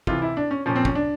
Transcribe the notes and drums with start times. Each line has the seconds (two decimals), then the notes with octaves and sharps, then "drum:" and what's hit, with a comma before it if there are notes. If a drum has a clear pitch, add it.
0.07 C3 E3 F4, drum: kick
0.22 E4
0.37 D4
0.51 C#4
0.66 A#2 F3 C#4
0.76 C4
0.85 C#4, drum: kick
0.95 D4